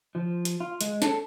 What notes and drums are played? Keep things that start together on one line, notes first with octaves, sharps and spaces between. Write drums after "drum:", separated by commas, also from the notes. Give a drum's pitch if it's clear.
F3
drum: hi-hat
F4
G#3, drum: hi-hat
A4, drum: snare